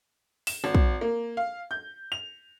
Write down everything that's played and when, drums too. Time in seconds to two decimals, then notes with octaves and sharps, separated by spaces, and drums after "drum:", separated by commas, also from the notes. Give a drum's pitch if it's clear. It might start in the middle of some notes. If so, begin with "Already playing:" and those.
0.47 E7, drum: open hi-hat
0.64 G#1
0.75 drum: kick
1.01 A#3
1.37 F5
1.71 G6
2.12 F7